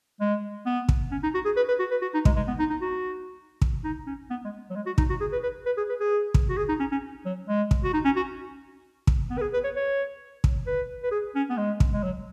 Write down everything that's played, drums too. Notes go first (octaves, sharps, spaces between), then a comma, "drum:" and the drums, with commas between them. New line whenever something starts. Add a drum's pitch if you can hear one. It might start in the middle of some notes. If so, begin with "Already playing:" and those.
G#3
B3
drum: kick
C#4
D#4
F#4
G#4
B4
B4
F#4
B4
F#4
D#4
G#3, drum: kick
G#3
B3
D#4
D#4
F#4
drum: kick
D#4
C#4
B3
G#3
F#3
G#3
F#4
D#4, drum: kick
F#4
G#4
B4
B4
B4
G#4
B4
G#4
drum: kick
F#4
G#4
D#4
C#4
C#4
F#3
G#3
drum: kick
F#4
D#4
C#4
F#4
drum: kick
B3
B4
G#4
B4
C#5
C#5
drum: kick
B4
B4
G#4
C#4
B3
G#3
drum: kick
G#3
F#3